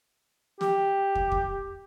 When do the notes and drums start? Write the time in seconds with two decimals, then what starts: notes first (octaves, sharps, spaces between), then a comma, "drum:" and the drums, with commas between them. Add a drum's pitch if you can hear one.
0.61 G4, drum: snare
1.15 drum: kick
1.32 drum: kick